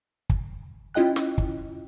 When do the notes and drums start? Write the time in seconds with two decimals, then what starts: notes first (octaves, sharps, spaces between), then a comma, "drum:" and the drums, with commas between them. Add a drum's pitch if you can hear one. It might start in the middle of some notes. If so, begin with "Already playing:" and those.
0.30 drum: kick
0.94 C#4 E4 F4 D#5 G5 F#6
1.16 drum: snare
1.38 drum: kick